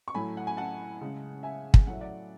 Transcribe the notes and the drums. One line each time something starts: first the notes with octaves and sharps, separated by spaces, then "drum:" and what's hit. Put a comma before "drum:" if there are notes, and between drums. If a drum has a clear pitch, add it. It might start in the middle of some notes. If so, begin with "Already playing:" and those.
C#6
A2 F#3 A3 G#5 B5
F#5
G#5
F#5 A5
C#3 G#3
E5 G#5
drum: kick
A2 F#3 A3 F#5
E5
D5 F#5